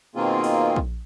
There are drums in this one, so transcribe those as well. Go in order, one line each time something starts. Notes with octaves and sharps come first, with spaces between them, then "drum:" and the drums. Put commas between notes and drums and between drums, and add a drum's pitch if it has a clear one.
B2 D#3 A#3 C4 F4 G#4
drum: open hi-hat
drum: kick A#1